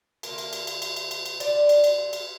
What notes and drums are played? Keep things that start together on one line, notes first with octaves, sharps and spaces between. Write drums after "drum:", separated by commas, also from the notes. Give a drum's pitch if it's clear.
D3 F3 A3 A#3 A#4, drum: cymbal
drum: cymbal
drum: cymbal
drum: cymbal
drum: cymbal
drum: cymbal
drum: cymbal
drum: cymbal
D4 D5, drum: cymbal
drum: cymbal
drum: cymbal
drum: cymbal